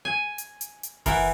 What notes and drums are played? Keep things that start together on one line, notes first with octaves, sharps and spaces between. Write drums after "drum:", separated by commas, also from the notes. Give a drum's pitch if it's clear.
G#5
drum: hi-hat
drum: hi-hat
drum: hi-hat
E3 A#4 E5 F#5, drum: kick F#1, open hi-hat